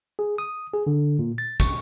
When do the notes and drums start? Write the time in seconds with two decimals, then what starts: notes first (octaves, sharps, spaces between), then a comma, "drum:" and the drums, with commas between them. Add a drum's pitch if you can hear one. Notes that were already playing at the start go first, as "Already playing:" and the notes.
0.19 G#4
0.38 D#6
0.73 G#4
0.87 D3
1.19 A#2
1.38 A6
1.60 C#6, drum: kick, hi-hat